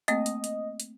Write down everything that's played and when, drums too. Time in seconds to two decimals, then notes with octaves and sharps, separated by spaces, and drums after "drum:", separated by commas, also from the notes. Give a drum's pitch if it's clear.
0.08 A3 A#3 C4 D#5, drum: hi-hat
0.26 drum: hi-hat
0.44 drum: hi-hat
0.80 drum: hi-hat